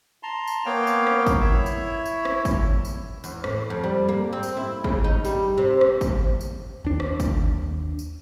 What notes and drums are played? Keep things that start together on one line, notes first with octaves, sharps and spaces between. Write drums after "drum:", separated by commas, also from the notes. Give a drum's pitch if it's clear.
A5 A#5 C6
drum: tambourine
A#3 B3 C#5 F5 G5
drum: tambourine
drum: rim click
drum: kick, tambourine
E4 C#5 E5
drum: tambourine
drum: tambourine
drum: rim click
drum: kick, tambourine
drum: tambourine
E2, drum: tambourine
A2, drum: rim click
F2
G3
A#3
C4
drum: tambourine
E4
C#3, drum: kick
D#4
G3, drum: tambourine
C3
drum: rim click
drum: kick, tambourine
drum: tambourine
D#2 D4
drum: rim click
drum: kick, tambourine
drum: tambourine